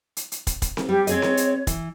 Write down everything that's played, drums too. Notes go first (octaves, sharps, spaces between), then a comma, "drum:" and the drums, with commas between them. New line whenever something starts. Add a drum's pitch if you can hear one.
drum: hi-hat
drum: hi-hat
drum: kick, hi-hat
drum: kick, hi-hat
drum: snare C4
G3 G4
C4 G#4 C#5 D#5, drum: hi-hat
drum: snare C4
drum: hi-hat
E3, drum: kick, hi-hat